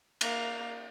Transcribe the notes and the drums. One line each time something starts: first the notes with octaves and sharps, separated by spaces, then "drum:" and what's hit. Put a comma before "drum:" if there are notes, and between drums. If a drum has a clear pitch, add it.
A#3 F7, drum: cymbal